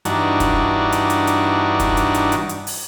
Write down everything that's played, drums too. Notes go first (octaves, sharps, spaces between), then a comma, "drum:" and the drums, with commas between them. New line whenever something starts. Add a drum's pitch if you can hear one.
G2 E3 D4 D#4 F#4, drum: hi-hat
drum: kick, hi-hat
drum: hi-hat
drum: hi-hat
drum: hi-hat
drum: kick, hi-hat
drum: hi-hat
drum: hi-hat
drum: hi-hat
drum: hi-hat
drum: open hi-hat